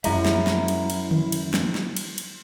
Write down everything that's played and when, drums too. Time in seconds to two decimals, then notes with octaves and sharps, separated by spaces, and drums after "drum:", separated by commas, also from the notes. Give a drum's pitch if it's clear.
0.04 F#2 G#3 E4 E5 A#5, drum: cymbal
0.26 drum: snare
0.47 drum: snare
0.68 drum: cymbal
0.90 drum: cymbal
1.11 drum: tom D3
1.32 drum: cymbal
1.54 drum: snare
1.75 drum: snare
1.97 drum: cymbal
2.18 drum: cymbal